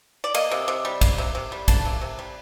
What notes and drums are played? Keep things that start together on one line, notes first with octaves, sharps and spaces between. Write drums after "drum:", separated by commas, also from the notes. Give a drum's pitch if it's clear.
D5
A#3 D#5, drum: cymbal
C3
C3
G3
A#3, drum: kick, cymbal
C3
C3
G3
A#3 A5, drum: kick, cymbal
C3
C3
G3